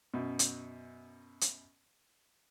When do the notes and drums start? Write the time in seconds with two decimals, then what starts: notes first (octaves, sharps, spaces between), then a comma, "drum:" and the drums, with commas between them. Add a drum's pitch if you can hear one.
0.14 F#2 B2
0.39 drum: hi-hat
1.41 drum: hi-hat